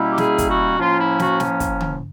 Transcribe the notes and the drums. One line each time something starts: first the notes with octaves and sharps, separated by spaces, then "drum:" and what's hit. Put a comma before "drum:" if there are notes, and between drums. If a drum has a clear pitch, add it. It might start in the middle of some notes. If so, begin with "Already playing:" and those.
Already playing: B2 G3 A#3 C#4 E4
G4
G#4, drum: snare
drum: kick, hi-hat
F#4
A2 F3 A#3 C#4 F4
E4
F#4, drum: snare
drum: snare
drum: kick, hi-hat
drum: tom D3